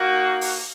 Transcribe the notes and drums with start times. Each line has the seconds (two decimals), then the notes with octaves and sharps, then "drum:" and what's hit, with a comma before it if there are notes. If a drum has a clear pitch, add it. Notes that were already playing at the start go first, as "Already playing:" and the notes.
Already playing: A#3 D#4 F#4
0.41 drum: open hi-hat